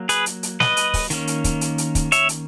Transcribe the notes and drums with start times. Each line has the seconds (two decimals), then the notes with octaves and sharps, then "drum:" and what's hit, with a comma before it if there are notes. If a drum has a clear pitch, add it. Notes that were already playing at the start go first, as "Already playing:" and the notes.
Already playing: F#3 A#3
0.09 G#4 B4, drum: hi-hat
0.26 drum: hi-hat
0.43 drum: hi-hat
0.60 B4 D#5, drum: snare
0.77 drum: hi-hat
0.94 drum: kick, open hi-hat
1.10 D#3 A#3 C#4, drum: hi-hat
1.27 drum: hi-hat
1.44 drum: kick, hi-hat
1.61 drum: hi-hat
1.78 drum: hi-hat
1.95 drum: kick, hi-hat
2.12 C#5 E5, drum: hi-hat
2.29 drum: hi-hat